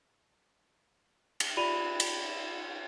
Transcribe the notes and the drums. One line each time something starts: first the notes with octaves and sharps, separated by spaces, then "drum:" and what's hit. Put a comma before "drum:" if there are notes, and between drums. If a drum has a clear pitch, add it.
drum: cymbal
F4 G4 D5 B5 D#7 F7
drum: cymbal